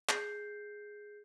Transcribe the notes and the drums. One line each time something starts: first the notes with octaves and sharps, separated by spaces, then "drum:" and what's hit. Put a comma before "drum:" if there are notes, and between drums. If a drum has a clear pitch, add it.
G#4 G6 C7, drum: clap